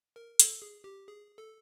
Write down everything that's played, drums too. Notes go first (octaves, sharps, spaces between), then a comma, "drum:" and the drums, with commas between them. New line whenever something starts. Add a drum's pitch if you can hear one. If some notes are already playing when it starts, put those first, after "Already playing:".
A#4
A4, drum: hi-hat
G#4
G4
G#4
A4